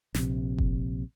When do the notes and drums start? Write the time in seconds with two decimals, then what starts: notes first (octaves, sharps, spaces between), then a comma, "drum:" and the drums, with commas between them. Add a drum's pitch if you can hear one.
0.14 A#1 C3, drum: snare
0.58 drum: kick F#1